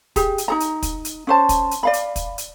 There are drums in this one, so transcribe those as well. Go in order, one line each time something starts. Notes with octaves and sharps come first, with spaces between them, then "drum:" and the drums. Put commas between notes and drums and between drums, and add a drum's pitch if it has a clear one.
G4 G#4, drum: kick, hi-hat
drum: hi-hat
D#4 G#4 A#5
drum: hi-hat
drum: kick, hi-hat
drum: hi-hat
C#4 C5 A5
drum: kick, hi-hat
drum: hi-hat
D5 F5 B5
drum: hi-hat
drum: kick, hi-hat
drum: hi-hat